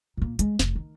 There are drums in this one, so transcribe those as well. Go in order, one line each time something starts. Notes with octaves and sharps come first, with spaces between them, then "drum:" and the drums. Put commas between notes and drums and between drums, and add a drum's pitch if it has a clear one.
A#2 A#3
G#3, drum: hi-hat
F1, drum: snare
D#3